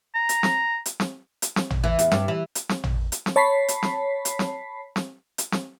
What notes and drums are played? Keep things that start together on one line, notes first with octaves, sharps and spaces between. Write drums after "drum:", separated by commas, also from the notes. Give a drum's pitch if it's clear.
A#5
drum: hi-hat
drum: snare
drum: hi-hat
drum: snare
drum: hi-hat
drum: snare
drum: tom
E3
E2, drum: hi-hat
G2, drum: snare
E3
drum: hi-hat
drum: snare
drum: tom
drum: hi-hat
drum: snare
C#5 A5 B5 B6 C7
drum: hi-hat
drum: snare
drum: hi-hat
drum: snare
drum: snare
drum: hi-hat
drum: snare